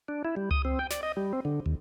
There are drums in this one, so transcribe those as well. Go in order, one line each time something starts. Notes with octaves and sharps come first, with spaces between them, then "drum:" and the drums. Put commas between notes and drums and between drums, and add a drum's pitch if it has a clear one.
D4
E4
G3
D#6, drum: tom C#2
C4
G5
D5, drum: snare
D#5
G3
C4
D3
D#2